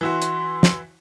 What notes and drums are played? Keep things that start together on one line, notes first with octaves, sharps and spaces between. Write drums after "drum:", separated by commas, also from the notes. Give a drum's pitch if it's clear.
E3 E4 F#4 C6
drum: hi-hat
drum: snare